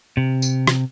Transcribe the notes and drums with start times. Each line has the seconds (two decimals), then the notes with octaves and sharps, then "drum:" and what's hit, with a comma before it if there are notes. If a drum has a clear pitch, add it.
0.17 C3
0.42 drum: tambourine
0.67 drum: rim click